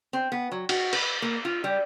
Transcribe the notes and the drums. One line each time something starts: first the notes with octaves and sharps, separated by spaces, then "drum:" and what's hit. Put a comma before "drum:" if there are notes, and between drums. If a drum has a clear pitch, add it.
C4
B3
F#3
F#4, drum: cymbal
B4, drum: cymbal
A#3
F4
G3